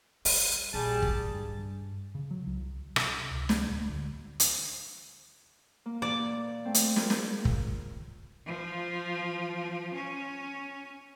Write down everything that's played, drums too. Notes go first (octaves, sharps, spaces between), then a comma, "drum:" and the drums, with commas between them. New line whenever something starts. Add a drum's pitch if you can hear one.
G3, drum: open hi-hat
A#1 G3 G#4 A5
drum: kick
G2
C#3
F#3
C2
C3, drum: rim click
C#2
drum: snare
D1
D2
drum: hi-hat
A#3
A#2 D5
A3 C4
drum: hi-hat
F4 G#4 A#4, drum: snare
drum: snare
drum: kick
F3
C#4